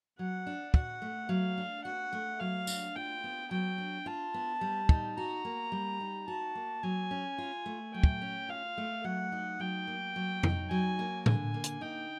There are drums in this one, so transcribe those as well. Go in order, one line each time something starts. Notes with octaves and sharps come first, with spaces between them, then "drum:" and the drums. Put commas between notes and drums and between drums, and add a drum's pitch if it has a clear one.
F#3 F#5
D4
F#4 F#5, drum: kick
A3
F#3 F5
D4
F#4 F#5
A3
F#3 F5
D4, drum: tambourine
F4 G5
B3
F#3 G5
D4
F4 A5
B3
G3
D#4, drum: kick
F#4 A#5
A#3
G3
D#4
F#4 A5
A#3
F#3 G#5
C#4
F4
A3
F#3 G5
drum: kick
C#4
F4 F5
A3
F#3 F#5
D#4
F#3 G5
A#3
F#3
D#4, drum: tom F2
F#3 G#5
A#3
D3 G#5, drum: tom A2
A#3
drum: hi-hat
D#4 G5